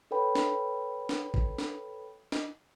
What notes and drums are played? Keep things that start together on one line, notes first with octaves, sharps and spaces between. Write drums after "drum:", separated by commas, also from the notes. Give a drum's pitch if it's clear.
A4 B4 C#5 G5 B5
drum: snare D4
drum: snare D4
drum: kick G#1
drum: snare D4
drum: snare D4